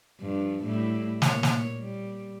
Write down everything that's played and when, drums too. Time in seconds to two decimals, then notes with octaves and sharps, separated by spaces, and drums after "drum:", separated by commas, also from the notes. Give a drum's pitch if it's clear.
0.21 G2 F3
0.64 A2 G3 E4
1.22 A#2 A#3 C#5, drum: snare
1.43 drum: snare
1.78 G3